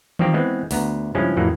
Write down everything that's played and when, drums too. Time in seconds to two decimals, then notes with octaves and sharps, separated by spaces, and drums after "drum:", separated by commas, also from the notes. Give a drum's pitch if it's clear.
0.19 D#3 F3 G3 A#3 C4 G4, drum: tom D#3
0.34 E3 G#3 B3 C4
0.71 D2 B3 A#5, drum: open hi-hat
1.15 G2 C#3 F3 G#3 C#4 E4
1.37 F2 A2 E3 F#3 A#3